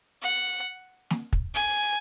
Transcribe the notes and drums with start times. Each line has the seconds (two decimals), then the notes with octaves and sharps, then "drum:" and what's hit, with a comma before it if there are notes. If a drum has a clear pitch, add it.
0.22 F#5
1.10 drum: snare
1.33 drum: kick
1.54 G#5